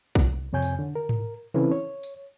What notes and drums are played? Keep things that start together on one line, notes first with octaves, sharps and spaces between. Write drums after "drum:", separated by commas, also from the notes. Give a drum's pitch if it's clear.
C2, drum: kick, tambourine
F2 C3 C#5 G#5 G6
drum: tambourine
D3
A#4
drum: tom G#2
E3 C4 C#4 E4 A4 B4, drum: tom C3
C#5
drum: tambourine